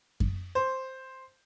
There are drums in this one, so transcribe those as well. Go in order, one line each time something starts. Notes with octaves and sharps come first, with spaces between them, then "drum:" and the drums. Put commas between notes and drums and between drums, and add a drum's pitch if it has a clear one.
drum: kick F#2
C5